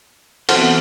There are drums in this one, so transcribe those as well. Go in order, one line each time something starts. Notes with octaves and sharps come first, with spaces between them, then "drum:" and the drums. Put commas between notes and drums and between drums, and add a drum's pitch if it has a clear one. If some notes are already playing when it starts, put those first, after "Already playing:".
E3 F#3 B3 C4 A4 C5 F#5 F6, drum: cymbal